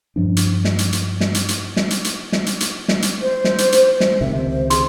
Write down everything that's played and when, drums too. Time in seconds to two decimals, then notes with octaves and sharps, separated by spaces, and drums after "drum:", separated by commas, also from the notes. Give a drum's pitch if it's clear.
0.16 G2 F3 D4
0.37 drum: hi-hat
0.65 drum: snare
0.79 drum: hi-hat
0.93 drum: hi-hat
1.20 drum: snare
1.34 drum: hi-hat
1.48 drum: hi-hat
1.76 drum: snare
1.90 drum: hi-hat
2.04 drum: hi-hat
2.32 drum: snare
2.46 drum: hi-hat
2.60 drum: hi-hat
2.88 drum: snare
3.02 drum: hi-hat
3.23 C5
3.44 drum: snare
3.58 drum: hi-hat
3.72 drum: hi-hat
4.00 drum: snare
4.21 C#2 C3 D#3 E5
4.37 C5
4.49 C5
4.70 G#4 C6, drum: hi-hat